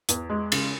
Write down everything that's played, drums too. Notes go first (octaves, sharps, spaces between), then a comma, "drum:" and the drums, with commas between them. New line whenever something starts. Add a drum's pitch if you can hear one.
E2, drum: hi-hat
G#3
C#3, drum: cymbal